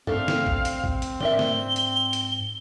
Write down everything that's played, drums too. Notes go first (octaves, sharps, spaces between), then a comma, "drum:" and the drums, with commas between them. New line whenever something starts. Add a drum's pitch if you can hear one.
A3 C4 D4 A4 F5, drum: tom
drum: snare
drum: kick
drum: hi-hat
drum: kick
drum: hi-hat
G#2 D4 A#4 E5 G7, drum: tom
drum: snare
drum: hi-hat
drum: hi-hat